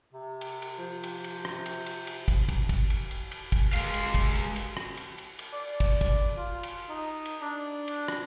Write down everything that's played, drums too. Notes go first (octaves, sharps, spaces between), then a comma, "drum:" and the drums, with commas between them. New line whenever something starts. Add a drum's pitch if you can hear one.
C3
drum: cymbal
drum: cymbal
F3 C5
drum: cymbal
drum: cymbal
drum: rim click
drum: cymbal
drum: cymbal
drum: cymbal
drum: kick, cymbal
drum: kick, cymbal
drum: kick, cymbal
drum: cymbal
drum: cymbal
drum: cymbal
drum: kick, cymbal
G#3 F5, drum: cymbal
drum: cymbal
drum: kick, cymbal
drum: cymbal
drum: cymbal
drum: rim click
drum: cymbal
drum: cymbal
drum: cymbal
D5
drum: kick, cymbal
drum: kick, cymbal
F4
drum: cymbal
D#4
drum: cymbal
D4
drum: cymbal
drum: rim click